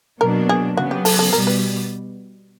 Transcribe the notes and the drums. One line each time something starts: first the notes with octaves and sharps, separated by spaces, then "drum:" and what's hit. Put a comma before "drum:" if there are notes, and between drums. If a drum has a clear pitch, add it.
B2 F#3 A#3 D4 A#4
G#4
C#3 F#3 B3 F#4
G4
A4, drum: open hi-hat
A4
B2 G3 A#4
B4